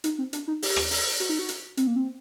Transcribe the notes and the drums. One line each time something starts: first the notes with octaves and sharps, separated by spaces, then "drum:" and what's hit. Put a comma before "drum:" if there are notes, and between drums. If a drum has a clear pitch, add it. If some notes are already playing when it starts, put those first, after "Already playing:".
D#4, drum: hi-hat
C4
D4, drum: hi-hat
D#4
G4, drum: open hi-hat
drum: rim click
drum: open hi-hat
F#4, drum: hi-hat
D#4
F#4
drum: hi-hat
C4, drum: hi-hat
A#3
C4